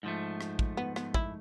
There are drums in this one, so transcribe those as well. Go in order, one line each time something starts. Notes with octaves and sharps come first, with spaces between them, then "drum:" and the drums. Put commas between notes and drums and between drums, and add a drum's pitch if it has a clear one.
G#2 F3 A3
drum: rim click
drum: kick
B3
B3, drum: rim click
E4, drum: kick